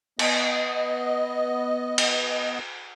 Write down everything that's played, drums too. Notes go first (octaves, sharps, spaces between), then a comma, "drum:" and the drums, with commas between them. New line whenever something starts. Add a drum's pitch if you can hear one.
B3 D#5, drum: cymbal
drum: cymbal